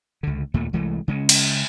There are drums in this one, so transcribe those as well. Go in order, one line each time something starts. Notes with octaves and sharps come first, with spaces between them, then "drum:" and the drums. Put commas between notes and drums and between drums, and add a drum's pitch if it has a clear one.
C#2 D3
D#2 A#2 A3
C2 E3 G#3 A3
C#3 G#3 C#4
drum: cymbal